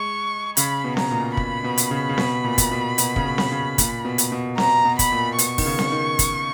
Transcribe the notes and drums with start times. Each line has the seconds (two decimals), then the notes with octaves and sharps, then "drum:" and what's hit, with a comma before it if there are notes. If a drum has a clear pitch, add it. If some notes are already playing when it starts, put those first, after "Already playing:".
Already playing: G#3 C#6
0.57 C#3 B5, drum: hi-hat
0.84 B2
0.97 A#5, drum: snare C4
1.11 A#2
1.37 B5, drum: kick
1.64 B2
1.78 drum: hi-hat
1.91 C#3
2.09 C#3
2.18 B2, drum: snare C4
2.44 A#2
2.58 drum: kick, hi-hat
2.71 B2
2.98 B2, drum: hi-hat
3.16 C#3, drum: kick
3.25 B2
3.38 drum: snare C4
3.52 C#3
3.78 A#2, drum: kick, hi-hat
4.05 B2
4.18 drum: hi-hat
4.32 B2
4.58 B2 A#5, drum: snare C4
4.85 B2
4.99 B5, drum: kick, hi-hat
5.12 A#2
5.39 B2 C#6, drum: hi-hat
5.58 D#3, drum: kick, open hi-hat
5.66 C#3
5.79 drum: snare C4
5.92 D#3
6.19 drum: kick, hi-hat